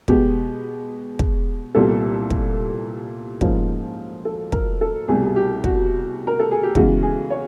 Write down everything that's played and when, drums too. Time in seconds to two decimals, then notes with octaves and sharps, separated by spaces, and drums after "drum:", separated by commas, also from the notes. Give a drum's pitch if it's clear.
0.08 B2 G#3 B3 G4, drum: kick
1.19 drum: kick
1.75 C2 A#2 G3 B3 A4
2.30 drum: kick
3.41 G#2 F3 A#3 C#4 F4, drum: kick
4.25 A4
4.52 A#4, drum: kick
4.81 A4
5.08 C2 B2 G3 G#4
5.25 G#4
5.36 G4
5.64 F#4, drum: kick
6.27 A#4
6.40 A4
6.51 G#4
6.63 G4
6.75 C#3 E3 G#3 B3 F#4, drum: kick
7.03 G#4
7.30 C#5